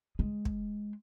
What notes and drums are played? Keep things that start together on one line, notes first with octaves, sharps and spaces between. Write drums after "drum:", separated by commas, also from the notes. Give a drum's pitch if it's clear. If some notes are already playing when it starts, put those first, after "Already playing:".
G#3
drum: kick